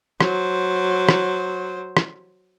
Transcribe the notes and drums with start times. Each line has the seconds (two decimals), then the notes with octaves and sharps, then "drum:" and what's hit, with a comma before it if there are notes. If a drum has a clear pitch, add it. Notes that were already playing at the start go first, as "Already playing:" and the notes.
0.21 F#3 C5, drum: rim click
1.09 drum: rim click
1.97 drum: rim click